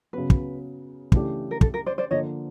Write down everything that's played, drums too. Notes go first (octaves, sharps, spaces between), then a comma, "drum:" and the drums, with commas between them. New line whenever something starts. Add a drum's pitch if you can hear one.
C#3 F#3 B3 B4
drum: kick
C#3 E3 A3 D4 G4, drum: kick
A#4
A4, drum: kick
A#4
C5 D5
C5 D5
D3 F3 A#3 C#5 D#5